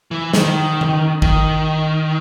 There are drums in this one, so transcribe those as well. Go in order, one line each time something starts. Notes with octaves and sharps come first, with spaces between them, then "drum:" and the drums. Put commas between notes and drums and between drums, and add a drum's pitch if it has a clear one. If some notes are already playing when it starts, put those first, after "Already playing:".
E3
D#3, drum: snare
drum: tom D#3
D#3, drum: kick